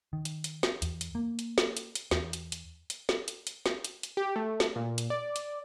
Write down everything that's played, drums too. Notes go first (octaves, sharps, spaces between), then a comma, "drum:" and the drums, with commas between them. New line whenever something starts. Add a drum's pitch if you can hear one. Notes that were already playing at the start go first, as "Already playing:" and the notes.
D#3
drum: hi-hat
drum: hi-hat
drum: snare
E2, drum: hi-hat
drum: hi-hat
A#3
drum: hi-hat
drum: snare
drum: hi-hat
drum: hi-hat
E2, drum: snare
drum: hi-hat
drum: hi-hat
drum: hi-hat
drum: snare
drum: hi-hat
drum: hi-hat
drum: snare
drum: hi-hat
drum: hi-hat
G4
A3
drum: snare
A#2
drum: hi-hat
D5
drum: hi-hat